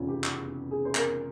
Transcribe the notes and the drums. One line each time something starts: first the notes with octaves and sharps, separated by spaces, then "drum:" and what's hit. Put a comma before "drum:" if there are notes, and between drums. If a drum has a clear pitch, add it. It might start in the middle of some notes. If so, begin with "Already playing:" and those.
Already playing: F1 E2 C#3 C4 C#4 F4
G4
drum: clap
G#4
C5
A#4, drum: clap